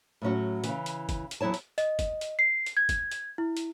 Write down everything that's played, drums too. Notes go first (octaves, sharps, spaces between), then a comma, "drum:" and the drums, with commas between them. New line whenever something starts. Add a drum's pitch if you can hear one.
A2 F#3 C#4 F#4
C#3 E3, drum: hi-hat
drum: hi-hat
drum: kick G1, hi-hat
drum: hi-hat
E2 F#3 E4 C#5 A5
drum: hi-hat
D#5, drum: hi-hat
drum: kick G1, hi-hat
drum: hi-hat
C7
drum: hi-hat
G#6
drum: kick G1, hi-hat
drum: hi-hat
E4
drum: hi-hat